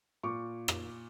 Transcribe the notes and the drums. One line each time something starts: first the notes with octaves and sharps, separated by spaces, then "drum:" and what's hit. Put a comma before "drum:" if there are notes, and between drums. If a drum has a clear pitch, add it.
A#2 C#6 D6
drum: rim click